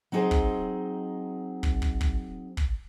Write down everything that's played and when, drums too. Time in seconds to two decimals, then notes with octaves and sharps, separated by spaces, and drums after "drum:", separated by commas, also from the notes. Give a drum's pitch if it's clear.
0.12 F#3 C4 D#4 G#4 C5
0.31 drum: kick
1.63 drum: kick
1.82 drum: kick
2.01 drum: kick
2.57 drum: kick